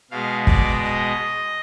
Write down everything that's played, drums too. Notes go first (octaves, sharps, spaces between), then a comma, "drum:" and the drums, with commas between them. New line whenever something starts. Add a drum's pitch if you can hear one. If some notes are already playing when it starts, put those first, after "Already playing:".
B2 G#3 F5
D5, drum: kick
D#5